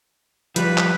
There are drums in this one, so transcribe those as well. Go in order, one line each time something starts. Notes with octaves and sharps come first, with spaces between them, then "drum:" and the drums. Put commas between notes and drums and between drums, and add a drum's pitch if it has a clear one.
F3 G3 B4, drum: hi-hat
drum: clap